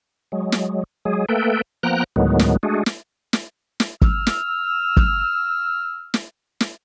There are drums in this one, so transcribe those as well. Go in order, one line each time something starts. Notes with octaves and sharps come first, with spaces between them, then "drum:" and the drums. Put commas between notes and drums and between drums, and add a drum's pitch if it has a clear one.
F#3 G#3
drum: snare
F#3 G#3 G#4
A3 A#3 A4 B4 G5
F3 A#3 B3 G5 A#5 F#6
D2 A2 D#3 F#3 G#3 B3
drum: snare
G#3 A3 D4 F#4 G#4
drum: snare
drum: snare
drum: snare
E6 F6, drum: kick
drum: snare
drum: kick
drum: snare
drum: snare